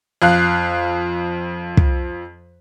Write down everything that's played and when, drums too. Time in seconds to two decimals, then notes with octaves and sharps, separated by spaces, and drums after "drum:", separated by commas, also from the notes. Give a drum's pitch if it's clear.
0.22 F2 F5 F#6
1.77 drum: kick